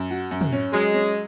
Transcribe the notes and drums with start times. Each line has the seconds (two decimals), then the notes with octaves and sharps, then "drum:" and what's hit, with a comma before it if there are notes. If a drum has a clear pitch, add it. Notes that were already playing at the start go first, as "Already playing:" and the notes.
Already playing: F#2
0.11 F#4
0.31 F#2
0.41 drum: tom
0.52 C#4
0.73 F#3 G#3
0.94 C#4